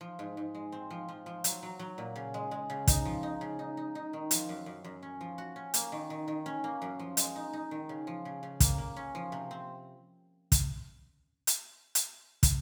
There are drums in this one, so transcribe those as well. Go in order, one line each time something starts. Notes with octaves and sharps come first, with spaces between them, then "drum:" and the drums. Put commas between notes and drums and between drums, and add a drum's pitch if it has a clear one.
F3
G#2
G#2
G#3
C4
F3
F3
F3
F#3, drum: hi-hat
F#3
F#3
A#2
C#3
G#3
G#3
C#3
D#4, drum: kick, hi-hat
F3
D#4
C#3
D#4
D#4
D#4
D#3
F3, drum: hi-hat
F#2
F#2
F#2
C#4
F3
F#4
C#4
A#3, drum: hi-hat
D#3
D#3
D#3
C#4
A#3
F#2
F3
G#3, drum: hi-hat
D#4
D#4
D#3
C#3
F3
C#3
C#3
A#3, drum: kick, hi-hat
A#3
C#4
F3
C3
C4
drum: kick, hi-hat
drum: hi-hat
drum: hi-hat
drum: kick, hi-hat